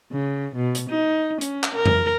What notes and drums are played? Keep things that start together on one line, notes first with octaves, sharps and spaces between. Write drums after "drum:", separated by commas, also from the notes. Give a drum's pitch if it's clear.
C#3
B2
drum: hi-hat
D#4
C#4, drum: hi-hat
drum: clap
A#4
drum: tom F2